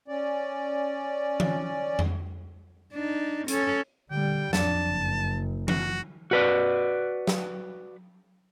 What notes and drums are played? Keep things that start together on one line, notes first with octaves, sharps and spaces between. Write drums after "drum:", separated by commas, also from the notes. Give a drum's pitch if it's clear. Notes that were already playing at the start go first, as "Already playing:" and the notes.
C#4 D5
drum: tom E3
drum: tom F2
D4 D#4
C#4 A4, drum: hi-hat
D3 G3 G5
F2 D4 A5, drum: snare
F#1
F#4, drum: tom E3
F#4 B4 D5
drum: snare